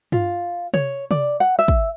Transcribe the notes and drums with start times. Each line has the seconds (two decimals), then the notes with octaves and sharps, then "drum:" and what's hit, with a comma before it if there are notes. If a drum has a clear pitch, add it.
0.12 F4, drum: tom G2
0.74 C#5, drum: tom C3
1.11 D5, drum: tom C3
1.40 F#5
1.59 E5
1.68 drum: kick